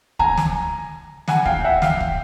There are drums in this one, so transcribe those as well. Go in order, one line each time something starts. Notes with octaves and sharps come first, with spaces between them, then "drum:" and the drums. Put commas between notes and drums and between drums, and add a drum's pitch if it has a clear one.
G#5 A#5, drum: kick
drum: snare
F#5 G#5, drum: snare
F5 G5, drum: kick
E5 F#5
F5 G5, drum: snare
drum: kick